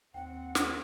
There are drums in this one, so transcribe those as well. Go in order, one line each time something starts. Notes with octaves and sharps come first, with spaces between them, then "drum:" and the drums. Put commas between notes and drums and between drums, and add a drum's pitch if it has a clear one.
D#2 C4 F#5 G5
drum: snare